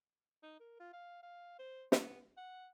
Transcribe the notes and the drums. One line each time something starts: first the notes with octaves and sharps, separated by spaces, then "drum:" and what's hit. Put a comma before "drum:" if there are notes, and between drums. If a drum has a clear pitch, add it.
D#4
A#4
F4
F5
F5
C5
B3, drum: snare
F#5